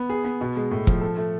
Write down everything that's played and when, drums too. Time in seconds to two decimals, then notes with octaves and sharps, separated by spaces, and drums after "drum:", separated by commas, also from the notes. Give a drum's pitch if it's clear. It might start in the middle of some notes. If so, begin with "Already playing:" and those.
Already playing: B3
0.09 G#4
0.24 B3
0.41 B2
0.56 G#3
0.71 A2
0.87 F3, drum: kick
1.01 A4
1.17 A3